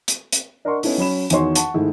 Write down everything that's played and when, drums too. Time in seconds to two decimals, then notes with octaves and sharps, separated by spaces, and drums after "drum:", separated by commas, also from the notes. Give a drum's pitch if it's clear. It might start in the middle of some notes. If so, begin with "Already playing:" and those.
0.08 drum: hi-hat
0.33 drum: hi-hat
0.65 D4 A#4 D#5 F#5 C6 C#6
0.83 B3 C#4 D#4 E4 A4, drum: open hi-hat
0.98 F#3 C#4 B5 E7
1.30 E2 D#3 F#4 C#5 C6 C#6, drum: hi-hat
1.55 F#5 A5 C#6, drum: hi-hat
1.74 G#2 D#3 A3 E4